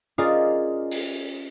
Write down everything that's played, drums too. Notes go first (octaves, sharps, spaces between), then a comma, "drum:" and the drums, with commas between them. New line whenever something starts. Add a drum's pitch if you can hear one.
C#4 F4 G#4 A#4 D5 D#5
drum: open hi-hat